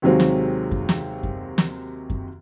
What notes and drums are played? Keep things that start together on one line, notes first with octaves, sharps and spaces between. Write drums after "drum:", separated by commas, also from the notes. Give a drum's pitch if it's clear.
D#2 C3 D#3 F#3 G#3 C4
drum: snare
drum: kick F#2
drum: snare
drum: kick F#2
drum: snare
drum: kick F#2